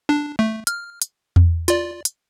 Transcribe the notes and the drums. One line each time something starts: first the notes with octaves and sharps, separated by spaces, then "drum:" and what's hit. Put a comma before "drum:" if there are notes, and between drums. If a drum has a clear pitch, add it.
D4
A3
F6, drum: hi-hat
drum: hi-hat
drum: tom E2
F4 D5, drum: hi-hat
drum: hi-hat